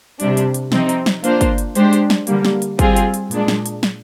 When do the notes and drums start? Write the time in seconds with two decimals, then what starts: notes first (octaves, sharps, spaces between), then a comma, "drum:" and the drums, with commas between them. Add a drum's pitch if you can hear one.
0.20 C3 G3 D4, drum: hi-hat
0.37 drum: hi-hat
0.54 drum: hi-hat
0.72 C3 F3 C4 D#4, drum: snare
0.89 drum: hi-hat
1.06 drum: snare
1.24 A#3 D4 F4 C5, drum: hi-hat
1.41 drum: kick, hi-hat
1.58 drum: hi-hat
1.75 G#3 D4 G4 C5, drum: hi-hat
1.93 drum: hi-hat
2.10 drum: snare
2.27 D3 G3 A#3, drum: hi-hat
2.45 drum: snare
2.62 drum: hi-hat
2.79 G3 C4 F4 G#4, drum: kick, hi-hat
2.96 drum: hi-hat
3.14 drum: hi-hat
3.31 A#2 G#3 D4, drum: hi-hat
3.48 drum: snare
3.66 drum: hi-hat
3.83 drum: snare